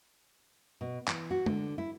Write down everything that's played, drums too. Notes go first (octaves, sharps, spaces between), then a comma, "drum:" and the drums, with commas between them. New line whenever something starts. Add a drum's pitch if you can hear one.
B2
E3, drum: clap
F#4
D3, drum: tom G#3
E4